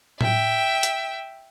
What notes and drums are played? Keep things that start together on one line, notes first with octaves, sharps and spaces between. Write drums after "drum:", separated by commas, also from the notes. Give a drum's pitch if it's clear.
E5 G5, drum: tom A2
drum: hi-hat